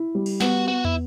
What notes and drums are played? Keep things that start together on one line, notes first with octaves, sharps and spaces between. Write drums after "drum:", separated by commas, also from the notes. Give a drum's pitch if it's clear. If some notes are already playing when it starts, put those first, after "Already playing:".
Already playing: E4
G3
drum: cymbal
B3 F#4, drum: snare G3
B3 F#4
E4, drum: tom